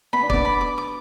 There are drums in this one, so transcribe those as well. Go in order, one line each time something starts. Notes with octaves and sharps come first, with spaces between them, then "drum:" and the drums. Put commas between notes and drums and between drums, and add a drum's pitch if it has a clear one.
B3 B5
D4
B3 D5, drum: kick
B5
D6
D6